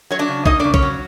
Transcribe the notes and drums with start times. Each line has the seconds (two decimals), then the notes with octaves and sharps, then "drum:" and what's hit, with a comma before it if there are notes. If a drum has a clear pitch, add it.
0.11 F#3 C#5
0.19 D4 D5
0.28 C#3
0.46 A#3 D#4 D#5, drum: kick B1
0.59 C#3 D4 D5
0.74 C#4 C#5, drum: kick B1
0.82 F#3